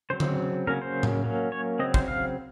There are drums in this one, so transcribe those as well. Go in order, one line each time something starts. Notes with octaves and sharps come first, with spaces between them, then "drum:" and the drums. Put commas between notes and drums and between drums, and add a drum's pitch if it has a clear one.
C#3 F#3 C4 C5
drum: tom D3
C#3 F#3 A#3 C#4 A#4
C5
drum: tom A2
F#3 A#3 C#4
C#5
C#3 F#3 C4 D#5
C5, drum: kick
F5